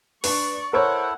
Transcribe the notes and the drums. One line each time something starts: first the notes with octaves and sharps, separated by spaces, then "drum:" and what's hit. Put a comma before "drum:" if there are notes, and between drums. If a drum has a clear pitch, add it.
D4 B4 D5 C#6, drum: open hi-hat
E4 A4 A#4 C5 C#5 F#5